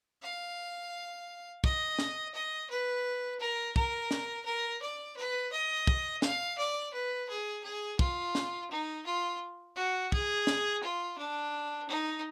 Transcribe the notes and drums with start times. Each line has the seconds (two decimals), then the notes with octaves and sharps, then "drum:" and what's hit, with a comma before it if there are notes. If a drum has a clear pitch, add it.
0.22 F5
1.64 D#5, drum: kick
1.99 drum: snare
2.34 D#5
2.70 B4
3.39 A#4
3.76 A#4, drum: kick
4.11 drum: snare
4.45 A#4
4.82 D5
5.16 B4
5.52 D#5
5.87 drum: kick
6.22 F5, drum: snare
6.58 D5
6.93 B4
7.29 G#4
7.64 G#4
7.99 F4, drum: kick
8.35 drum: snare
8.71 D#4
9.06 F4
9.76 F#4
10.12 G#4, drum: kick
10.47 drum: snare
10.83 F4
11.18 D4
11.88 D#4